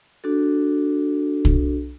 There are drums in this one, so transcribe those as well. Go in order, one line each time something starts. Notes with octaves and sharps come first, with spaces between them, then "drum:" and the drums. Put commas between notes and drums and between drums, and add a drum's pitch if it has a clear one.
D4 F#4 A4
drum: kick